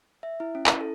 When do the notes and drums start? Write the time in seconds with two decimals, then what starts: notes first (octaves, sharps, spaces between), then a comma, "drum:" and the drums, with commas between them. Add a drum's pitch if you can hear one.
0.23 E5
0.40 E4
0.55 C#4
0.67 E4, drum: clap
0.81 A4